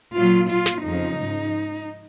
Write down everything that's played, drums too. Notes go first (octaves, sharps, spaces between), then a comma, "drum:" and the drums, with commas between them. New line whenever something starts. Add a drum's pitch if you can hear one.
A#2 F#3 F4
A#2 F#3 F4, drum: open hi-hat
drum: snare
F2 C#3 F3 D#4
G#2 F3